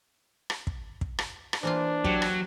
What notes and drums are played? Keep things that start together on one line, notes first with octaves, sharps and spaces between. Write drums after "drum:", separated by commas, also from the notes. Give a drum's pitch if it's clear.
drum: rim click
drum: kick
drum: kick
drum: rim click
drum: rim click
E3 A#3 D4 F4 C5
F#3 G4, drum: kick
drum: rim click